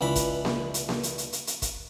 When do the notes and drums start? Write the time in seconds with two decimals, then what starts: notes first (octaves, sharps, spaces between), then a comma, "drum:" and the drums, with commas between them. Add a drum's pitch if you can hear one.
0.01 C#2 E3 D4 B5
0.15 drum: kick, hi-hat
0.45 drum: snare A#3
0.74 drum: hi-hat
0.89 drum: snare A#3
1.03 drum: hi-hat
1.18 drum: hi-hat
1.33 drum: hi-hat
1.47 drum: hi-hat
1.62 drum: kick, hi-hat